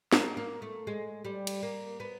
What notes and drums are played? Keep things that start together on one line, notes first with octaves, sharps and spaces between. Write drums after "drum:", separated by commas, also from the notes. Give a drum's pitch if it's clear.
A#3, drum: snare
A#3
A3
G#3
G3
drum: cymbal
A#3
B3